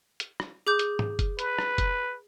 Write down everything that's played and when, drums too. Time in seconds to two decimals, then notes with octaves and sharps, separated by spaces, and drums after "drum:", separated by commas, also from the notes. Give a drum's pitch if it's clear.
0.20 drum: hi-hat
0.40 drum: rim click
0.67 G#4 D6 G6
0.79 drum: hi-hat
0.99 drum: tom G#2
1.19 drum: kick, hi-hat
1.39 B4, drum: hi-hat
1.58 drum: rim click
1.78 drum: kick, hi-hat